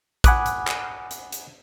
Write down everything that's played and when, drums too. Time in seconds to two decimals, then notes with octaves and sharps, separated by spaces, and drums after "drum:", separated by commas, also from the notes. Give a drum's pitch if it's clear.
0.24 F#5 G#5 B5 D6 D#6 F#6, drum: kick, hi-hat
0.46 drum: hi-hat
0.67 drum: clap
1.11 drum: hi-hat
1.32 drum: hi-hat